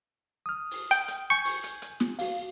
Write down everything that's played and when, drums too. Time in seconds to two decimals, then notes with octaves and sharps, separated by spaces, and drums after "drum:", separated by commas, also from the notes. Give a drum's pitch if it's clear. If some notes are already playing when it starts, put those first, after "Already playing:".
0.46 D#6 F6
0.71 drum: open hi-hat
0.91 G5, drum: hi-hat
1.08 drum: hi-hat
1.30 G#5 C#6 G6
1.45 drum: open hi-hat
1.63 drum: hi-hat
1.82 drum: hi-hat
2.00 drum: snare
2.19 F#4 F5, drum: open hi-hat